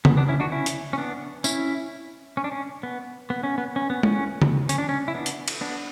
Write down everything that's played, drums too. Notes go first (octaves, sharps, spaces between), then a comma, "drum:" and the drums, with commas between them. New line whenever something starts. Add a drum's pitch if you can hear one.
B3, drum: tom C#3
B3 D4
C#4 E4
D4 F#4
C#4 E4
drum: hi-hat
C#4
B3 D4
C#4 E4, drum: tambourine
C#4
D4
C#4
B3
B3
C#4
B3
C#4
B3
C#4, drum: tom G#3
drum: tom C#3
C#4, drum: hi-hat
D4
C#4
E4
B3 D4
drum: hi-hat
drum: cymbal
B3 D4